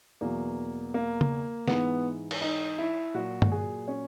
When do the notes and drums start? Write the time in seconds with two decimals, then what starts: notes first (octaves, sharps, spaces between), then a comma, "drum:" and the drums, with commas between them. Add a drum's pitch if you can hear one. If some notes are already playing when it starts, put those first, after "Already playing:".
0.21 E2 B2 F#3 A#3
0.94 A#3
1.21 drum: tom C#3
1.68 G#2 E3 B3, drum: snare
2.31 drum: cymbal
2.41 D#4
2.78 E4
3.14 A#2 F#3 F#4
3.42 drum: tom G2
3.52 G#4
3.88 C#4